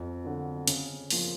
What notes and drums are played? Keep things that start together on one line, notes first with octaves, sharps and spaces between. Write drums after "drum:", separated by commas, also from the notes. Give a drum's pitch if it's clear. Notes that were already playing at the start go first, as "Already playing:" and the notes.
Already playing: F2
D3 F#3
C#3, drum: hi-hat
F3 A#3, drum: open hi-hat